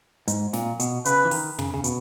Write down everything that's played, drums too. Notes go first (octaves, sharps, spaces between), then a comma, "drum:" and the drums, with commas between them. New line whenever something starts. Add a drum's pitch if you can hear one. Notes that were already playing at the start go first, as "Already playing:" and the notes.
G#2, drum: hi-hat
A#2, drum: snare
B2, drum: hi-hat
C#3 B4, drum: hi-hat
E3
D#3, drum: open hi-hat
C#3, drum: tom
C#3
B2, drum: hi-hat